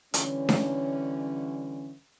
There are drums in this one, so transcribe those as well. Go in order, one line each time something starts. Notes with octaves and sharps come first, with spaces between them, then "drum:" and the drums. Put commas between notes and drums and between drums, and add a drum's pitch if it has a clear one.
D3 E3 G3 C#4, drum: hi-hat
drum: snare D4